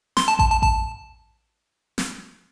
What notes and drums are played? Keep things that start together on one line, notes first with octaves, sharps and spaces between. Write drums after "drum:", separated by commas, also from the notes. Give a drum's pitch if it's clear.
C6, drum: snare
A5
A5, drum: kick A1
A5
A5, drum: kick A1
drum: snare